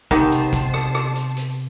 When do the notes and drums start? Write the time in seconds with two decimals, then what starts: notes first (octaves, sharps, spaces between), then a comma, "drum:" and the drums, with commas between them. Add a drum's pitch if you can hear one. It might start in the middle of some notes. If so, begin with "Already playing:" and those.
0.11 C3 D#3 B3 D#4 G4 C5 A5, drum: kick, hi-hat
0.32 drum: hi-hat
0.53 drum: kick, hi-hat
0.74 drum: rim click
0.95 drum: rim click
1.16 drum: hi-hat
1.37 drum: hi-hat